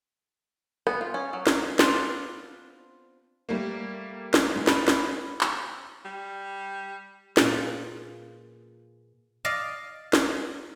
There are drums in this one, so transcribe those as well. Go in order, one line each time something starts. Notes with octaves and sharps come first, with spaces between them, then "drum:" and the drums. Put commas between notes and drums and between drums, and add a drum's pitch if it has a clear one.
B3, drum: rim click
F4
C#4
F#3
A#5, drum: snare
B3 C4 D4 F4 C5, drum: snare
G3 A3 A#3
drum: snare
G#2
B5, drum: snare
drum: snare
drum: clap
G3
A#2 A#3 F4 G#4 B4, drum: snare
D5 D#5 F5
drum: snare